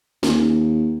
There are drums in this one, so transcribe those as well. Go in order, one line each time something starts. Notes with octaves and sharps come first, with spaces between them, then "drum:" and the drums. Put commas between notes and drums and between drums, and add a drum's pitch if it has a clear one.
D#2, drum: snare